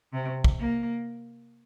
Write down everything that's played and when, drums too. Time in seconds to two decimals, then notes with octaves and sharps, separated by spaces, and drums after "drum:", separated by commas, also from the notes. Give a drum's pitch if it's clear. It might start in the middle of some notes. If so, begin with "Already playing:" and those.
0.13 C3
0.44 drum: kick
0.60 A#3